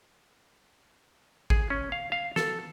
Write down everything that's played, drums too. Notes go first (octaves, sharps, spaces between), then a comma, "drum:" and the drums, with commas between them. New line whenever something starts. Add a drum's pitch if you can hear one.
G#4, drum: kick G#1
C#4
F5
F5
A4, drum: snare